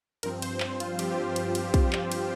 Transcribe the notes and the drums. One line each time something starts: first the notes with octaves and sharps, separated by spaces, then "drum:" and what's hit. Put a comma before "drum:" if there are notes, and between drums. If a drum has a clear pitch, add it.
G2 F3 C4 A#4, drum: cymbal
C5, drum: cymbal
C5, drum: clap
F4, drum: cymbal
G2 F3 C4 G4, drum: cymbal
F4
drum: cymbal
drum: cymbal
drum: kick, cymbal
drum: clap
drum: cymbal